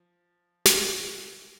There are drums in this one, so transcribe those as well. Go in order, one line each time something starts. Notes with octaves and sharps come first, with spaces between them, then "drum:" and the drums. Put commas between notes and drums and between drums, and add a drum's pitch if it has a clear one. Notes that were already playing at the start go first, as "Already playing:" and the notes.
Already playing: F3
G3, drum: snare